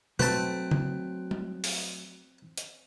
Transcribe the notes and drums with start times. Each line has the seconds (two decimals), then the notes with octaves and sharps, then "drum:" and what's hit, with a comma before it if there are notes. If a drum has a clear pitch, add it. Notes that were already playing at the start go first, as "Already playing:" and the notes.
0.19 F#3 A3 C4 B4 A5, drum: tom B2
0.71 drum: tom C#3
1.31 drum: tom G3
1.64 drum: open hi-hat
2.57 drum: hi-hat